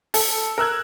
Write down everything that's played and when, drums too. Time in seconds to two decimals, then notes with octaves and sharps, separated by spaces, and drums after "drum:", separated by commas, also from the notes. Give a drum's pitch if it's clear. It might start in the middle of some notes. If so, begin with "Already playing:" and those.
0.14 A4, drum: open hi-hat
0.58 A#4 E6 F#6 G#6